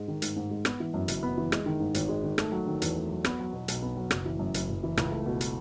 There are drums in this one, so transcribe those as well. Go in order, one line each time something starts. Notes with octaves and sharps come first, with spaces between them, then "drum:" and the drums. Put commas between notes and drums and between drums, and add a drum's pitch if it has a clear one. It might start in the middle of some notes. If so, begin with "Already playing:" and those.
Already playing: G#2 G#3
D#3
G#2, drum: hi-hat
G#2
G#3
B3, drum: rim click
E3
F#2
F#1, drum: hi-hat
B3
E3
G#3, drum: rim click
D#3
G#2
G#1, drum: hi-hat
G#3
D#3
A3, drum: rim click
F#3
D#3
E2, drum: hi-hat
A3
F#3
B3, drum: rim click
F#3
B2
B1, drum: hi-hat
B3
F#3
F#1, drum: rim click
E3
F#2
F#1, drum: hi-hat
F#1
E3
C#2, drum: rim click
A3
B2
drum: hi-hat